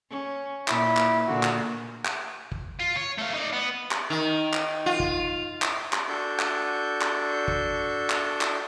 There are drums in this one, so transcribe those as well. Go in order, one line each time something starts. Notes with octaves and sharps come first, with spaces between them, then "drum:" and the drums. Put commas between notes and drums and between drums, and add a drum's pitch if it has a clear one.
C#4
A#2 E4, drum: clap
drum: clap
A#2 D3 F#4
drum: clap
drum: clap
drum: kick
F4
C#5
A3 F5
D#4 D5
B3
drum: clap
D#3
drum: clap
F4
drum: kick
drum: clap
drum: clap
D4 F#4 A4 C#6 G6
drum: clap
drum: clap
drum: kick
drum: clap
drum: clap